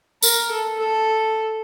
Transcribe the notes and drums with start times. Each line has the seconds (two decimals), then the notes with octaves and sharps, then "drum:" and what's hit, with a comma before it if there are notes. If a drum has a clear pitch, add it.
0.23 A#4, drum: tambourine
0.51 A4
0.79 A4